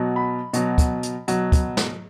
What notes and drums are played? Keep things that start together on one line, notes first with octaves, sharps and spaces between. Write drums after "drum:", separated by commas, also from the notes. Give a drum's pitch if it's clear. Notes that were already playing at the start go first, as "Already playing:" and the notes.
Already playing: B2 F#3
B5
B2 F#3, drum: hi-hat
drum: kick, hi-hat
drum: hi-hat
B2 F#3, drum: hi-hat
drum: kick, hi-hat
drum: snare